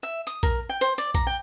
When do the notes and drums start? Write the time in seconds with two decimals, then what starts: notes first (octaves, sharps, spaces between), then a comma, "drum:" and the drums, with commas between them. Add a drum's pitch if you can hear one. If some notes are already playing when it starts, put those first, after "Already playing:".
0.03 E5
0.27 D#6, drum: hi-hat
0.43 A#4, drum: kick A#1, hi-hat
0.69 G5
0.81 C5, drum: hi-hat
0.98 D5, drum: hi-hat
1.15 A#5, drum: kick A#1, hi-hat
1.27 G5